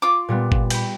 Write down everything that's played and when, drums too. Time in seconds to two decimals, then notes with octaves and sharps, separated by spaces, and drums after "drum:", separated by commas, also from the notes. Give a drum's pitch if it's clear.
0.02 F4 D6
0.28 A#2 G3 B3
0.52 drum: kick G1
0.70 G5 B5, drum: cymbal